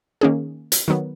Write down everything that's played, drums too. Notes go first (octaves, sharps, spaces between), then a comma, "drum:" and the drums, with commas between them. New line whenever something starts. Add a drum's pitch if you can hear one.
D#3 A#3 C#4 G#4
drum: hi-hat
D#3 F#3 B3